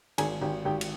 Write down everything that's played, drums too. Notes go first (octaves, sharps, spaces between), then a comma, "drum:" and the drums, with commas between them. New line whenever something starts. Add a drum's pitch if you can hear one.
G#1 G#4 G#5, drum: cymbal
G#1 G4 G5
G#1 G4 G5
drum: cymbal